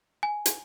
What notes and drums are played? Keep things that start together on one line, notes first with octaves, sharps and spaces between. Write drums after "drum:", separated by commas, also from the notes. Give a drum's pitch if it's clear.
G#5
drum: hi-hat